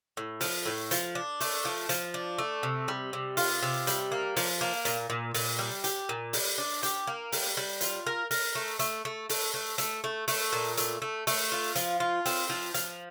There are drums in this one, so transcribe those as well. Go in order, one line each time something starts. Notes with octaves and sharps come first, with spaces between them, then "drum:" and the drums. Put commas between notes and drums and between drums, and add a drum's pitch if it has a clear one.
A2
F3, drum: open hi-hat
A2
F3, drum: hi-hat
D4
A3, drum: open hi-hat
F3
F3, drum: hi-hat
D4
A3
C3
G3
C3
F4, drum: open hi-hat
C3
G3, drum: hi-hat
A#3
F3, drum: open hi-hat
A#3
A#2, drum: hi-hat
A#2
A#2, drum: open hi-hat
G3
G4, drum: hi-hat
A#2
G3, drum: open hi-hat
D4
G4, drum: hi-hat
A#3
G3, drum: open hi-hat
G3
F4, drum: hi-hat
A#4
A#4, drum: open hi-hat
A3
A3, drum: hi-hat
A3
A3, drum: open hi-hat
A3
A3, drum: hi-hat
A3
A3, drum: open hi-hat
A#2
A3, drum: hi-hat
A3
A3, drum: open hi-hat
F4
F3, drum: hi-hat
F4
C4, drum: open hi-hat
F3
F3, drum: hi-hat